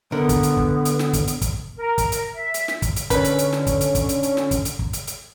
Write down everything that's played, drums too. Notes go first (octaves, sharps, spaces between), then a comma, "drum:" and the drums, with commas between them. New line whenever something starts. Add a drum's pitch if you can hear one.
D3 B3 A#4
drum: kick, hi-hat
drum: hi-hat
drum: kick
drum: hi-hat
drum: snare
drum: kick, hi-hat
drum: hi-hat
drum: kick, hi-hat
A#4
drum: kick, hi-hat
drum: hi-hat
E5
drum: hi-hat
drum: snare
drum: kick, hi-hat
drum: hi-hat
D3 C#4 B4, drum: kick, hi-hat
drum: hi-hat
drum: hi-hat
drum: snare
drum: kick, hi-hat
drum: hi-hat
drum: kick, hi-hat
drum: hi-hat
drum: hi-hat
drum: snare
drum: kick, hi-hat
drum: hi-hat
drum: kick
drum: hi-hat
drum: hi-hat